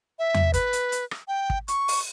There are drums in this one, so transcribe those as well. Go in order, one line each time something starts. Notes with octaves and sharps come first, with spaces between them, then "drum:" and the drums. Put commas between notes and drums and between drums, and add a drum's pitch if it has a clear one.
E5
drum: tom E2
B4, drum: kick, hi-hat
drum: hi-hat
drum: hi-hat
drum: rim click
G5
drum: kick
C#6, drum: hi-hat
drum: open hi-hat